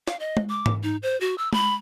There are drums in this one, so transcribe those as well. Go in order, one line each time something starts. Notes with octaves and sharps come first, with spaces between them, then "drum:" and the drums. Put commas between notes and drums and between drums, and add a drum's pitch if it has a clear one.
F5, drum: snare
D#5
drum: tom G#3
D6
drum: tom G#2
D#4
C5
F#4
E6
B5, drum: tom G#3